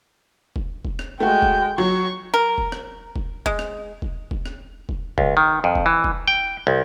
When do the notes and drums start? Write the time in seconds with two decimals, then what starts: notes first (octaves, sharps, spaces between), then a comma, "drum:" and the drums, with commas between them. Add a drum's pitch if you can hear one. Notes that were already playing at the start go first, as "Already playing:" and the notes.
0.56 drum: kick
0.85 drum: kick
0.99 drum: rim click
1.20 G#3 A3 F#4 G5
1.42 drum: kick
1.78 F#3 C#6
2.34 A#4
2.58 drum: kick
2.72 drum: rim click
3.16 drum: kick
3.46 G#3, drum: kick
3.59 drum: rim click
4.02 drum: kick
4.31 drum: kick
4.46 drum: rim click
4.89 drum: kick
5.18 C#2, drum: kick
5.37 D#3
5.64 F2
5.75 drum: kick
5.86 E3
6.04 drum: kick
6.28 G5
6.67 C2